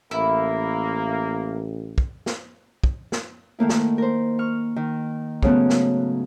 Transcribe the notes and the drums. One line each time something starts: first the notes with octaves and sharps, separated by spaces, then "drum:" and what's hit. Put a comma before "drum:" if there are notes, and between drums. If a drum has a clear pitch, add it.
A1 A#3 E4
drum: kick
drum: snare
drum: kick
drum: snare
D#3 A3 A#3 E4
drum: snare
A#4 C5
C#6 F6
D#3
G#2 C#3 F#3 A3 B3 F#4, drum: kick
drum: snare